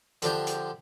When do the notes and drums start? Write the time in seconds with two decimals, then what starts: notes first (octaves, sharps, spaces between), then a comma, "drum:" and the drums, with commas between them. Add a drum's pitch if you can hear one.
0.22 D3 F3 D4 G4, drum: hi-hat
0.47 drum: hi-hat